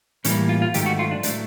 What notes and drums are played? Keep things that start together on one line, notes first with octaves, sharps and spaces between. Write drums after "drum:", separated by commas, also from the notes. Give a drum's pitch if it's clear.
A2 E3 G3 A#3 C#4, drum: hi-hat
F4
F4
G#2 D#3 F#3 A3 G4, drum: hi-hat
F#4
F4
D4
A2 F#3 A3 D4, drum: hi-hat